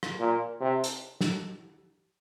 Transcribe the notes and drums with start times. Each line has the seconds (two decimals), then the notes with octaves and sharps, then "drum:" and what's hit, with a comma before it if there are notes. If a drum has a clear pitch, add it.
0.03 drum: rim click
0.19 A#2
0.61 C3
0.84 drum: hi-hat
1.21 drum: snare